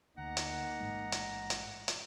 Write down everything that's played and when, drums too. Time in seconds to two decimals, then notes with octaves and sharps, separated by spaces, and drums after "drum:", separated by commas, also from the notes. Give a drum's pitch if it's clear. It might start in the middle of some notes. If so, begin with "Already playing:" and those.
0.18 D2 A#3 D#4 F#5 A#5
0.37 drum: hi-hat
0.80 A1 G#2 G#3
1.12 drum: hi-hat
1.50 drum: hi-hat
1.88 drum: hi-hat